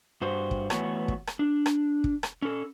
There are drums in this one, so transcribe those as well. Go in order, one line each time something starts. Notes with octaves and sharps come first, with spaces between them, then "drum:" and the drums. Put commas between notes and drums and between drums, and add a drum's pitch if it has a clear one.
G2 F#4 C5
drum: kick
E3 A3 B3 F#4 C#5, drum: rim click
drum: kick
drum: rim click
D4
drum: rim click
drum: kick
drum: rim click
C#4 A4